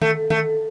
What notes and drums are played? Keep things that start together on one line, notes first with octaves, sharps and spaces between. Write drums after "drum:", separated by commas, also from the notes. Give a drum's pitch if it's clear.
A3, drum: tom D#3
A3, drum: tom D#3